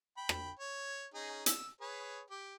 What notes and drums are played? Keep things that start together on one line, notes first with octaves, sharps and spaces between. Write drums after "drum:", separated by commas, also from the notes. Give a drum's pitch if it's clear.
G5 B5
drum: rim click
C#5
C#4 D#4 G#4
E6, drum: hi-hat
G#4 B4 C#5
G4